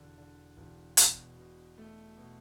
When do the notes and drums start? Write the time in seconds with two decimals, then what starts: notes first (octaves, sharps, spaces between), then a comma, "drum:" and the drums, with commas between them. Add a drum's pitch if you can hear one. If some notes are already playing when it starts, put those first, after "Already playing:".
Already playing: E1 D3
0.18 D3
0.57 E1
0.97 B2, drum: hi-hat
1.38 B2
1.78 A3
2.17 B2